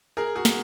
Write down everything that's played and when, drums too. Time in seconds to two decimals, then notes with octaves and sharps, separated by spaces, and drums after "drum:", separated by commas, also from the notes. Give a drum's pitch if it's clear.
0.17 G#4 A#4
0.35 F#4 G#4
0.45 drum: snare